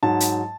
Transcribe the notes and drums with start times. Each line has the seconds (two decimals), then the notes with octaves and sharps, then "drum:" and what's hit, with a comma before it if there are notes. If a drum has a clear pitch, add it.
0.03 G#2 F#3 A5
0.20 drum: hi-hat